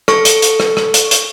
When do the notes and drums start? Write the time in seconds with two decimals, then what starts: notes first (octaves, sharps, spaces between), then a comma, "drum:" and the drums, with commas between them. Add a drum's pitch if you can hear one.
0.08 A4 C#6, drum: rim click
0.25 drum: hi-hat
0.42 drum: hi-hat
0.60 drum: rim click
0.77 drum: rim click
0.94 drum: hi-hat
1.11 drum: hi-hat